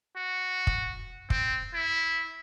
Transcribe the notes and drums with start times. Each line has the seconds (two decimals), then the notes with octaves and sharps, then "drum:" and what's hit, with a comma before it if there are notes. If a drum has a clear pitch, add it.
0.16 F#4
0.67 drum: kick
1.30 C4, drum: kick
1.74 E4